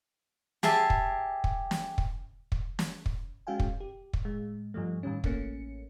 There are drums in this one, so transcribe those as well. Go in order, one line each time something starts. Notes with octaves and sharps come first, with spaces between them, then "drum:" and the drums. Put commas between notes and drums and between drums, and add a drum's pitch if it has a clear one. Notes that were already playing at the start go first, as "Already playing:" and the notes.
G4 G#4 E5 A5, drum: snare
drum: kick
drum: kick
drum: snare
drum: kick
drum: kick
drum: snare
drum: kick
G#3 C#4 F#4 F5 G5 G#5
drum: kick
G4
drum: kick
A2 G#3
G2 F3 G3 A3
A2 D#3 G3 C#4
A1 A3 A#3 C#4 C#7, drum: kick